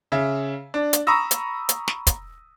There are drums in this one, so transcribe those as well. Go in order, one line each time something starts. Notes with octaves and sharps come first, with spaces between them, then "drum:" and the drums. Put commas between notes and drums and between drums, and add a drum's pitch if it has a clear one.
C#3 E5
D4
drum: hi-hat
A#5 B5 C#6 D#6 E6 A#6
drum: hi-hat
drum: hi-hat
drum: snare
drum: kick, hi-hat